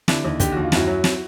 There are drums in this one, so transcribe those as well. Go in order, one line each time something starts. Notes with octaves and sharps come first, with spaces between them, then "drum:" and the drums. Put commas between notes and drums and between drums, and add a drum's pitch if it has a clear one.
D3 D4 E4, drum: snare
D#2
D3 G4, drum: kick, hi-hat
D#2 F#4
F4
F#2 E4 F#4, drum: snare
F#3
drum: snare